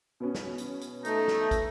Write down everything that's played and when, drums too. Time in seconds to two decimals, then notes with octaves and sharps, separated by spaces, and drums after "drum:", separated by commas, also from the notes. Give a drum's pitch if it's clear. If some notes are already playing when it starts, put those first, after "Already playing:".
0.20 B2 B3 C#4
0.35 drum: snare
0.58 drum: hi-hat
0.81 drum: hi-hat
1.05 A3 D#4, drum: hi-hat
1.28 drum: snare
1.51 drum: kick, hi-hat